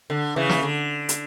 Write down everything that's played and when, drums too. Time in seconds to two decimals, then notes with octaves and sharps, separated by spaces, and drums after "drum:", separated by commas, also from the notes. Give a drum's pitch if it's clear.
0.10 D3
0.36 C#3 E3
0.49 drum: snare
0.63 D3
1.09 drum: hi-hat